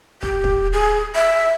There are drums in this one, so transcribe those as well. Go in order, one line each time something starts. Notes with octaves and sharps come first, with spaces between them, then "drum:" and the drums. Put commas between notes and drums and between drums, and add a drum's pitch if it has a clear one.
G4, drum: kick
drum: kick
G#4
E5